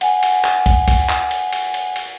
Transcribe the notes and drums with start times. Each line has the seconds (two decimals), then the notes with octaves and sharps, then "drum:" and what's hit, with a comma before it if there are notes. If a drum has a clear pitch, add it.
0.01 F#5 G#5, drum: cymbal
0.23 drum: cymbal
0.44 drum: clap
0.66 drum: kick, cymbal
0.88 drum: kick, cymbal
1.09 drum: clap
1.31 drum: cymbal
1.53 drum: cymbal
1.74 drum: cymbal
1.96 drum: cymbal